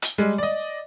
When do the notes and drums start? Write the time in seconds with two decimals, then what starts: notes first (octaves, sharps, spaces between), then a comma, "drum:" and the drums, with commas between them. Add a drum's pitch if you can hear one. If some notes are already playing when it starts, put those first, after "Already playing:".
0.02 drum: hi-hat
0.18 G3 G#3
0.38 D5 D#5